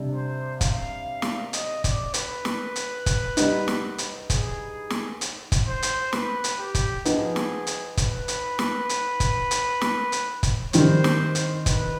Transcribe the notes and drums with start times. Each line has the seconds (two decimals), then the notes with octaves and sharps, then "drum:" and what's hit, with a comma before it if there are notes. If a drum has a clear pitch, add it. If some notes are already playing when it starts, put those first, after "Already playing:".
Already playing: C3 G3 D4
0.15 C5
0.61 F5, drum: kick, hi-hat
1.22 drum: snare
1.53 D#5, drum: hi-hat
1.84 D5, drum: kick, hi-hat
2.14 B4, drum: hi-hat
2.45 drum: snare
2.76 drum: hi-hat
3.06 drum: kick, hi-hat
3.37 G3 B3 D#4, drum: hi-hat
3.68 drum: snare
3.98 drum: hi-hat
4.30 G#4, drum: kick, hi-hat
4.90 drum: snare
5.21 drum: hi-hat
5.52 drum: kick, hi-hat
5.67 C5
5.82 drum: hi-hat
6.13 B4, drum: snare
6.44 drum: hi-hat
6.59 G4
6.75 drum: kick, hi-hat
7.05 F3 B3 D#4 G#4, drum: hi-hat
7.36 drum: snare
7.67 drum: hi-hat
7.97 B4, drum: kick, hi-hat
8.28 drum: hi-hat
8.59 drum: snare
8.89 drum: hi-hat
9.20 drum: kick, hi-hat
9.51 drum: hi-hat
9.81 drum: snare
10.12 drum: hi-hat
10.43 drum: kick, hi-hat
10.73 D#3 G3 C4 C5, drum: hi-hat
11.04 drum: snare
11.35 drum: hi-hat
11.66 B4, drum: kick, hi-hat